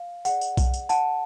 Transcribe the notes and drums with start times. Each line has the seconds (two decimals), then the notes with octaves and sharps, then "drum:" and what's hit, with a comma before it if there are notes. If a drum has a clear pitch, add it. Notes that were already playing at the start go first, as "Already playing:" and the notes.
Already playing: F5
0.25 G#4 D5 F#5, drum: tambourine
0.41 drum: tambourine
0.57 drum: kick B1, tambourine
0.74 drum: tambourine
0.89 F#5 A5, drum: tambourine